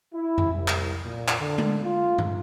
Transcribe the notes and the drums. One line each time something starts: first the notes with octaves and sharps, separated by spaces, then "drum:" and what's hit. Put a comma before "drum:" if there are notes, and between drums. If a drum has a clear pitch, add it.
E4
drum: tom F2
C2
drum: clap
A#2
drum: clap
D3
drum: tom G#3
F4
drum: tom G2